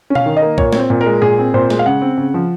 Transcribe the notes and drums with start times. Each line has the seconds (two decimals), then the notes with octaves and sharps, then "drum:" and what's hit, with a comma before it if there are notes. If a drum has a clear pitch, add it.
0.10 C#4
0.15 F5, drum: tom B2
0.26 D#3
0.37 D#5
0.42 A#3
0.58 A#2 C#5, drum: kick
0.72 C4 C#5, drum: snare
0.80 C5
0.90 A#2
1.01 A#4
1.06 G#3
1.22 A#2 G#4
1.38 C4
1.54 A#2 C5
1.70 G#3, drum: snare
1.79 F5
1.86 C#3 F#5
2.02 C4
2.18 C#3
2.34 F3